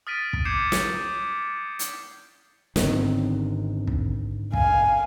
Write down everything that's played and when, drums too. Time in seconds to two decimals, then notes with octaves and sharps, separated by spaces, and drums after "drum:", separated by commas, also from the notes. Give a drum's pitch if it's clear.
0.07 D#6 F6 A6 B6 D7 D#7
0.33 drum: kick
0.45 D6 G6 G#6 C7 C#7 E7
0.72 drum: snare
1.79 drum: hi-hat
2.76 G#1 D3 D#3 B3 C4, drum: snare
3.87 drum: kick
4.53 F5 G#5, drum: kick